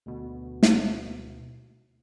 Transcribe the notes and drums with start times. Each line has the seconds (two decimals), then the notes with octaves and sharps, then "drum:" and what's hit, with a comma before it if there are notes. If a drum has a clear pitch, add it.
0.06 D2 B2
0.63 drum: snare